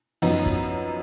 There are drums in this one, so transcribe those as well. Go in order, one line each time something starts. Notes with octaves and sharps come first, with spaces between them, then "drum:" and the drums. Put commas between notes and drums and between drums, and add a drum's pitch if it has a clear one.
F#2 F3 B3 D#4, drum: open hi-hat
drum: kick